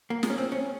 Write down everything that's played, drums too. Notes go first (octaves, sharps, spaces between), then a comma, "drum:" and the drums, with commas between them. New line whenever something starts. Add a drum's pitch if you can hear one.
A#3
G#3, drum: snare
C#4
C4
C#4